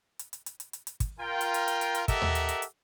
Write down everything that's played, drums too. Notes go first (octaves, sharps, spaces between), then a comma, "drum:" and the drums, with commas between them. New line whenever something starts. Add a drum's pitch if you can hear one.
drum: hi-hat
drum: hi-hat
drum: hi-hat
drum: hi-hat
drum: hi-hat
drum: hi-hat
drum: kick, hi-hat
F4 A#4 G5
drum: hi-hat
drum: hi-hat
drum: hi-hat
drum: hi-hat
drum: hi-hat
G4 A4 A#4 D#5 E5 F#5, drum: kick, hi-hat
drum: tom D#2
drum: hi-hat
drum: hi-hat
drum: hi-hat